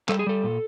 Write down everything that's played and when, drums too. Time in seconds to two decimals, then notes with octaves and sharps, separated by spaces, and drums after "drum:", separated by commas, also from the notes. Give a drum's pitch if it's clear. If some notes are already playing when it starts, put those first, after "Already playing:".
0.09 G3 A4, drum: clap
0.19 G#4
0.27 G3 A4
0.44 A#2